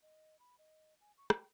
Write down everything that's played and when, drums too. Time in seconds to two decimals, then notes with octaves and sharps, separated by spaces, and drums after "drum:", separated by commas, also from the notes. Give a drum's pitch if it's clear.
0.02 D#5
0.39 B5
0.59 D#5
1.01 G#5
1.18 C#6
1.30 G5, drum: rim click